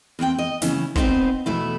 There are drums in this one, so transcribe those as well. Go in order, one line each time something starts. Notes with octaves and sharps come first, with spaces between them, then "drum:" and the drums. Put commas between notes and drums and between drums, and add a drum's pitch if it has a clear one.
E2 A#3 C4 G5
D#5
C#3 E3 C#4 E4, drum: snare
B3 C4 D#4 F#4 C5, drum: kick
E2 B2 A3 E4